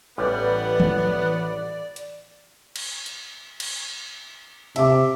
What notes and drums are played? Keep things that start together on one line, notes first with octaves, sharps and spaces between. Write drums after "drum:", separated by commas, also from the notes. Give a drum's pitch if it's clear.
A1 E3 G3 B3 D5 F#5
drum: tom D#3
drum: hi-hat
drum: cymbal
drum: hi-hat
drum: cymbal
C3 E5 D6, drum: cymbal